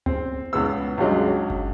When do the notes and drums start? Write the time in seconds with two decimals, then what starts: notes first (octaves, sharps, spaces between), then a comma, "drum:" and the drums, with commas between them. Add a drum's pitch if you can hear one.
0.06 C4, drum: tom D2
0.53 C#2 B3 E6
0.98 C#2 G2 F#3 G#3
1.50 drum: kick G1